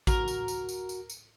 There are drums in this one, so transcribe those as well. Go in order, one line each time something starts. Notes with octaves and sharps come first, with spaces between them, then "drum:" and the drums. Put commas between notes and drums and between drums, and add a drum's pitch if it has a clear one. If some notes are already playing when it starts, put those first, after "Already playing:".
F#4 A#4, drum: kick A1, tambourine
drum: tambourine
drum: tambourine
drum: tambourine
drum: tambourine
drum: tambourine